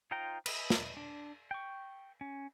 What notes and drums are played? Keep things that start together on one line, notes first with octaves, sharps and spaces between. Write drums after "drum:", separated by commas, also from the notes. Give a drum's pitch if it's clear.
D#4 F4 C5 G5 A#5
B4 D#5 E5, drum: cymbal
drum: snare
D4
G5 C#6
C#4